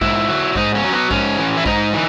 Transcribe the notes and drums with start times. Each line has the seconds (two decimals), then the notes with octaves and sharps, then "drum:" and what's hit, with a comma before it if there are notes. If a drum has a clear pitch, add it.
0.01 G#2 E4, drum: kick A#1
0.29 F#3
0.56 G#2 D#4, drum: kick A#1
0.75 C#4
0.84 F#3
0.92 B3
1.11 G#2 C#4, drum: kick A#1
1.38 E3
1.57 E4
1.66 G#2 D#4, drum: kick A#1
1.93 E3